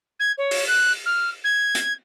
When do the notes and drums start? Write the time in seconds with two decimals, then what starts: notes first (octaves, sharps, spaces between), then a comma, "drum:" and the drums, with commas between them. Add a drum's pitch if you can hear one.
0.19 G#6
0.38 C#5
0.51 drum: open hi-hat
0.67 F#6
1.06 F6
1.44 G#6
1.75 drum: hi-hat